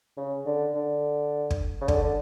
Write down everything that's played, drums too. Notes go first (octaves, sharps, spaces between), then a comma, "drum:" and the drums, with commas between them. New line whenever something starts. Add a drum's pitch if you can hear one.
C#3
D3
D3
drum: kick
C#3
D3, drum: kick
D3